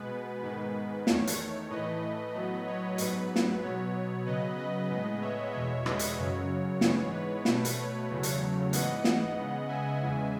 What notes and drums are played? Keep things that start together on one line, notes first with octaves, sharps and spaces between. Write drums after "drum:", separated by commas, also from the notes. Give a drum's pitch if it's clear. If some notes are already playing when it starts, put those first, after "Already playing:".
Already playing: B2 G#3 B3 B4
G#2 D#3 G#3 B3 B4
E2 D#3 A3 C#5, drum: snare
drum: hi-hat
A2 E3 A3 B4 D#5
A2 F#3 B3
C#5
G#2 F#3 B3 B4, drum: hi-hat
drum: snare
B2 F#3 B3 C#5
C#3 F#3 B3 B4 D#5
B4 D#5
A2 G#3 B3
C#5 E5
E2 B2 G#3 C#5 E5
B4 D#5, drum: rim click
drum: hi-hat
F#2 C#3 F#3 C#5
G#2 E3 G#3 B3 C#5, drum: snare
B4
B2 A3 B4, drum: snare
drum: hi-hat
C#5
E2 C#3 F#3 A3
drum: hi-hat
G#2 E3 B3 D#5 F#5, drum: hi-hat
drum: snare
C#3 G#3 B3
E5 G#5
E2 C#3 E3 G#3